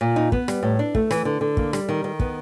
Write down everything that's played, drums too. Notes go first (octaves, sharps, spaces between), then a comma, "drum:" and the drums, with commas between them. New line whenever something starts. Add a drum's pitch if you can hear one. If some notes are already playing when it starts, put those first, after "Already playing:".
A#2
D#4
B3, drum: kick
G3, drum: rim click
A2
D4
A3, drum: kick
E3, drum: rim click
D3
D3
A#3, drum: kick
G3, drum: rim click
D#3
D#3
B3, drum: kick